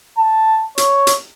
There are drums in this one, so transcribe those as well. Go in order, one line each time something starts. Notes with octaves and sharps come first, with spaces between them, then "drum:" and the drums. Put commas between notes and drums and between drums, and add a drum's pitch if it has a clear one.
A5
C#5, drum: hi-hat
drum: hi-hat